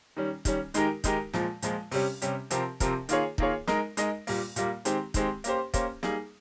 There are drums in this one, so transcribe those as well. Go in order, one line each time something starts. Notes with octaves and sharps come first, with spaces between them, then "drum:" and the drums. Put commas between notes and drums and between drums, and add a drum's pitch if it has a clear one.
D#3 G3 C#4
D#3 G3 C#4, drum: kick, hi-hat
D#3 G#3 D#4 G4 A#4, drum: hi-hat
D#3 G#3 D#4 G4 A#4, drum: kick, hi-hat
A#2 F3 G#3, drum: snare
A#2 F3 G#3, drum: hi-hat
C3 G3 C#4 G4, drum: open hi-hat
C3 G3 C#4 G4, drum: hi-hat
C3 F3 C4 G4 A#4, drum: hi-hat
C3 F3 C4 G4 A#4, drum: kick, hi-hat
D#3 A#3 F4 G#4 C#5, drum: hi-hat
D#3 A#3 F4 G#4 C#5, drum: kick
G#3 D#4 A#4 D#5, drum: snare
G#3 D#4 A#4 D#5, drum: hi-hat
A#2 G3 A#3, drum: open hi-hat
A#2 G3 A#3, drum: hi-hat
D#3 G#3 C4 G4, drum: hi-hat
D#3 G#3 C4 G4, drum: kick, hi-hat
A#3 C#4 G4 C5, drum: hi-hat
A#3 C#4 G4 C5, drum: kick, hi-hat
G3 A#3 D#4 G#4, drum: snare